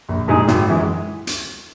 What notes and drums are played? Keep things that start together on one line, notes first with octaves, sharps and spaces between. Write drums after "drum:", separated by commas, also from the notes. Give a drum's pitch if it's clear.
A#1
A#2 G#3 D#4 G#4
G#1, drum: snare
F#2 E3 G#3
drum: hi-hat